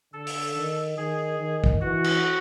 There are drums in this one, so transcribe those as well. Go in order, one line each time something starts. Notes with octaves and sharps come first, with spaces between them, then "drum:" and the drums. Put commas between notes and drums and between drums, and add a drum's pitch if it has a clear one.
D3 A4
drum: open hi-hat
D#3
D#3 G#4
D#3
drum: kick
E3 F#4
drum: cymbal